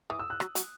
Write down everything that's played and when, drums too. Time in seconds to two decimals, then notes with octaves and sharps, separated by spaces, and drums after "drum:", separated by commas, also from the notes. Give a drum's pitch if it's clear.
0.10 E3 D#6
0.19 E6
0.30 F#6
0.40 F#3, drum: rim click
0.55 F#3, drum: hi-hat